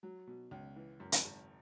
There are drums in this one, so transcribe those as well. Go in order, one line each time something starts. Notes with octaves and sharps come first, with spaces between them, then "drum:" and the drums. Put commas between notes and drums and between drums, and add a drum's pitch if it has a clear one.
F#3
B2
C#2
E3
F#2
drum: hi-hat
G#1